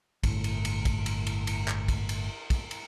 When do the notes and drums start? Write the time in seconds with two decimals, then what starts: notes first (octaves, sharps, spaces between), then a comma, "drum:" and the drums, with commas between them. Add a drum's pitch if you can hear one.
0.24 G1 A2, drum: kick, cymbal
0.44 drum: cymbal
0.65 drum: cymbal
0.85 drum: kick, cymbal
1.06 drum: cymbal
1.27 drum: cymbal
1.47 drum: cymbal
1.68 drum: clap
1.88 drum: kick, cymbal
2.09 drum: cymbal
2.50 drum: kick, cymbal
2.71 drum: cymbal